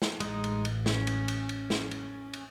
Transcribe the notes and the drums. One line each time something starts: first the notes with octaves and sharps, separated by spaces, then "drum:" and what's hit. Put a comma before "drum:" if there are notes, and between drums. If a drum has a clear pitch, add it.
drum: snare
A1 G#3 D#4, drum: cymbal
drum: cymbal
drum: cymbal
C#4, drum: snare
drum: cymbal
drum: cymbal
drum: cymbal
drum: snare
drum: cymbal
drum: cymbal